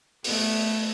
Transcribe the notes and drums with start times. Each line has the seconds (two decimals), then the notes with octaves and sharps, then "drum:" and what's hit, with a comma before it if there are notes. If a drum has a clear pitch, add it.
0.24 A3 B3, drum: open hi-hat